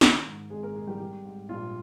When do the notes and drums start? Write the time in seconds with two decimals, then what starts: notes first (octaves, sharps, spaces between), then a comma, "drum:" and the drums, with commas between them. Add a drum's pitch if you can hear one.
0.01 D#3, drum: snare
0.25 G#2
0.50 G#1 G#3 G#4
0.63 A#3 A#4
0.75 G#1 G#3 G#4
0.87 G3 G4
1.00 G3
1.24 G#2
1.49 A#1 F4